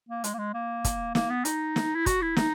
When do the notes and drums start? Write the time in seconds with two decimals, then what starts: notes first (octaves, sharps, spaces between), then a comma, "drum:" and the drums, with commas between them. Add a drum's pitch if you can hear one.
0.09 A#3
0.24 G#3, drum: hi-hat
0.34 A#3
0.39 G#3
0.54 A#3
0.84 drum: kick, hi-hat
1.15 A#3, drum: snare
1.30 B3
1.45 D#4, drum: hi-hat
1.76 drum: snare
1.95 E4
2.06 F#4, drum: kick, hi-hat
2.22 E4
2.37 D#4, drum: snare